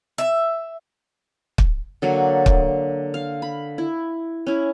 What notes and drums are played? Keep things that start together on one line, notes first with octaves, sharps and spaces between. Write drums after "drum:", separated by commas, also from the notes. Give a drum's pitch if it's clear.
E5
drum: kick
D3 F#3 A#3
drum: kick
F5
B5
E4
C#4 E4